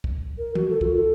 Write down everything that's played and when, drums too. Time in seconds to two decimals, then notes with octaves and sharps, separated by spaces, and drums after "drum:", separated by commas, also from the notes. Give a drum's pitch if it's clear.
0.04 drum: kick
0.38 A#4
0.55 F#4, drum: tom D#3
0.69 A4
0.81 F4, drum: kick
0.97 A4